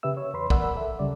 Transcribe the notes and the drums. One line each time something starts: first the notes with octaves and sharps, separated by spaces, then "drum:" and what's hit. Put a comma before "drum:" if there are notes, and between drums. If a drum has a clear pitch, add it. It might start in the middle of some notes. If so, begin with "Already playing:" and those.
C#3 G4 B4 E5 E6
C#5
E2 B4 B5 C6
A#4 D5 F#5 B5 E6, drum: kick
A4 E5
D2 C#3 G3 D5